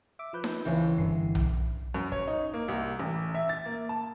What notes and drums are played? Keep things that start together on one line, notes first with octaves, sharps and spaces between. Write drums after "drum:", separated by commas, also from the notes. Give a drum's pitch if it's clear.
E5 D6
F3 B4 G6
drum: snare D#4
C#2 E3 C4 C#4 E4
G1 D3 C7
drum: tom B1
F#2
C#5, drum: kick
D#4
A#3
C2
A1
E5
A6
A#3
A5